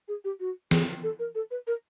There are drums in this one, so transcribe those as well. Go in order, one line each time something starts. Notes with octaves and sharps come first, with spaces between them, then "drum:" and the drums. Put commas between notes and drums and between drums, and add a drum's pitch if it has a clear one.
G#4
G4
F#4
G#4, drum: snare
A4
A#4
A4
B4
A#4